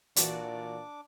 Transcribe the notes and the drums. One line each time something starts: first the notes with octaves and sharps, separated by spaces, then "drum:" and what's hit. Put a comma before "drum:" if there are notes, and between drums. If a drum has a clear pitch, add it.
A#2 E3 D4 F#4 D5 D6, drum: hi-hat